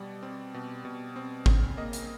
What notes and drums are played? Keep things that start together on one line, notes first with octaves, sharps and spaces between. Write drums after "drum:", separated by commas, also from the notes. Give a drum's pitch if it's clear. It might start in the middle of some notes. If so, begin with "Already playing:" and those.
Already playing: B2 G3 D5
C4
B2
B2
C4
C#3, drum: kick G#1
A#3 D#5
drum: hi-hat